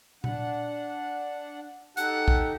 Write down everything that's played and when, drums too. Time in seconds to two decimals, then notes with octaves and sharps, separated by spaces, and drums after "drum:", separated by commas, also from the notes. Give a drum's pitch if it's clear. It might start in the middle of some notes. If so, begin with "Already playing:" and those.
0.24 D4 F#5, drum: tom A#2
1.97 D#4 G4 A4 F#5, drum: hi-hat
2.28 drum: kick